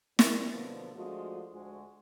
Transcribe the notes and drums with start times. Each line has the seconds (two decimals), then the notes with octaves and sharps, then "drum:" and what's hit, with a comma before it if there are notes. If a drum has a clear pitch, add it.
0.19 E2 F3 G3 E4 A#4, drum: snare
0.52 B2 D3 F3 F#3 A#3 B3
0.96 F3 G#3 A3 D4 F4 F#4
1.53 D2 G#3 F#4